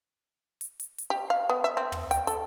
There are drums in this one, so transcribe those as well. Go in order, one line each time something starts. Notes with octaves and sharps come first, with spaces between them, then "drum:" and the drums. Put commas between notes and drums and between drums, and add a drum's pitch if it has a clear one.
drum: hi-hat
drum: hi-hat
drum: hi-hat
G4
F5
B3
E5
C4
drum: tom
G5, drum: hi-hat
A4, drum: hi-hat